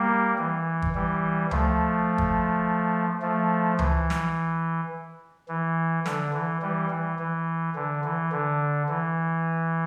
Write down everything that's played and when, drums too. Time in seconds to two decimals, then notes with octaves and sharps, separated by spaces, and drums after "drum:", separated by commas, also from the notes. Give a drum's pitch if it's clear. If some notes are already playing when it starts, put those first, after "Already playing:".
Already playing: G3 A#3
0.38 E3
0.82 drum: kick
0.95 E3 G3
1.51 F3 A3, drum: tom C#2
2.18 drum: kick
3.22 F3 A3
3.79 E3, drum: tom C#2
4.10 drum: snare
5.49 E3
6.06 D3, drum: snare
6.33 E3
6.62 E3 G3
6.90 E3
7.19 E3
7.75 D3
8.04 E3
8.32 D3
8.89 E3